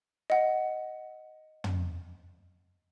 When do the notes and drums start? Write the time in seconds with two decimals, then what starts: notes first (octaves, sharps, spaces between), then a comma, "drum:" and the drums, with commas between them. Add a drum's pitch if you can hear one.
0.30 D#5 F#5
1.64 drum: tom